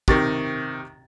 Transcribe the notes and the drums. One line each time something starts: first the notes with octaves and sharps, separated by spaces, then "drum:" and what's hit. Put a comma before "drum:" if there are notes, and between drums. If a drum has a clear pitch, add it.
C3 D#3 G4 C#6 A6, drum: kick